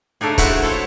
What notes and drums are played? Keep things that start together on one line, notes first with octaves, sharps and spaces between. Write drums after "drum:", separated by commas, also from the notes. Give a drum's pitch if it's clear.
C#3 A3 D4 D#4 G#4
A3 E4 F#4 C5 F#5, drum: kick C#1, hi-hat
E4 A4 C5 C#5